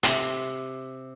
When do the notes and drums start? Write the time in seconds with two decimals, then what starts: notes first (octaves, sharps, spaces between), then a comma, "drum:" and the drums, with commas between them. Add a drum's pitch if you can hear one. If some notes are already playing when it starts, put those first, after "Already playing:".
0.03 C3, drum: hi-hat